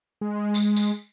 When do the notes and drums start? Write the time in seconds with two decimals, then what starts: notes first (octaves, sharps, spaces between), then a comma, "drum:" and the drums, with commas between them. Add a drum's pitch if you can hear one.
0.21 G#3
0.54 drum: tambourine
0.76 drum: tambourine